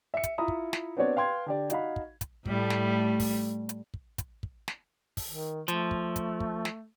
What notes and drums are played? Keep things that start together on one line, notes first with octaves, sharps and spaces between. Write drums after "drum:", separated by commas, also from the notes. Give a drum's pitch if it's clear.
E5 C#7
drum: kick, hi-hat
E4 F4 E5 A#5 B5 D#6
drum: kick
drum: snare
B3 C4 D4 F#4 C#5 D5
B4 F5 G5 C6 G#6
D3 G4 D5
D#4 F#4 F5 B5, drum: hi-hat
drum: kick
drum: kick, hi-hat
A2 G3 A3, drum: kick
drum: snare
drum: kick, open hi-hat
drum: hi-hat
drum: kick
drum: kick, hi-hat
drum: kick
drum: snare
drum: kick, open hi-hat
D#3
F3 A3, drum: hi-hat
drum: kick
drum: kick, hi-hat
drum: kick
drum: snare